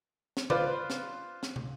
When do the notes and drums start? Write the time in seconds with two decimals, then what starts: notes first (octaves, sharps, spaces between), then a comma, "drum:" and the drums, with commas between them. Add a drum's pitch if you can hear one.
0.37 drum: snare
0.50 F4 B4 C5 D5, drum: tom
0.90 drum: snare
1.43 drum: snare
1.56 drum: tom